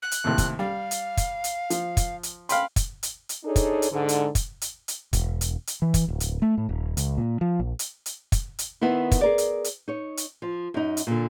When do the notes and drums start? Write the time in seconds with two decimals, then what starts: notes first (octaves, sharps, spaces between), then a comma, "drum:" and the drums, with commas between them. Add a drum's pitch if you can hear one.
0.02 F#6
0.11 drum: hi-hat
0.24 D#2 A2 C3
0.38 drum: kick, hi-hat
0.59 G3 F5
0.91 drum: hi-hat
1.17 drum: kick, hi-hat
1.44 drum: hi-hat
1.70 F3, drum: hi-hat
1.97 drum: kick, hi-hat
2.23 drum: hi-hat
2.49 F5 G5 B5 C6, drum: hi-hat
2.76 drum: kick, hi-hat
3.03 drum: hi-hat
3.29 drum: hi-hat
3.45 D4 D#4 G#4 A4 C#5
3.56 drum: kick, hi-hat
3.82 drum: hi-hat
3.92 G#2 D3
4.09 drum: hi-hat
4.35 drum: kick, hi-hat
4.61 drum: hi-hat
4.88 drum: hi-hat
5.13 E1, drum: kick, hi-hat
5.41 drum: hi-hat
5.67 drum: hi-hat
5.82 E3
5.94 drum: kick, hi-hat
6.08 D1
6.20 drum: hi-hat
6.42 A3
6.58 A2
6.69 D#1
6.97 C#2, drum: hi-hat
7.18 A#2
7.41 F3
7.59 A#1
7.79 drum: hi-hat
8.06 drum: hi-hat
8.32 drum: kick, hi-hat
8.59 drum: hi-hat
8.81 D#3 B3 C4 E4
9.11 drum: kick, hi-hat
9.21 G#4 A#4 D5
9.38 drum: hi-hat
9.64 drum: hi-hat
9.88 D#4 C#5
10.17 drum: hi-hat
10.42 F3
10.74 F#2 D#4
10.97 drum: hi-hat
11.07 A#2 D3